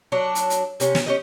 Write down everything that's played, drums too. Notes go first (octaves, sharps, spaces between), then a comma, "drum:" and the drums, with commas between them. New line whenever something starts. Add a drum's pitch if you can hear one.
F#3 D4
drum: hi-hat
drum: hi-hat
C3 C#4, drum: hi-hat
drum: snare
C#4 G4 D#5